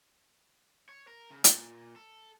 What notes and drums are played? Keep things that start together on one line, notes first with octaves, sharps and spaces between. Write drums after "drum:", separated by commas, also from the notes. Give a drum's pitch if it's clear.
C#5
A#4
C#3
A#2, drum: hi-hat
A4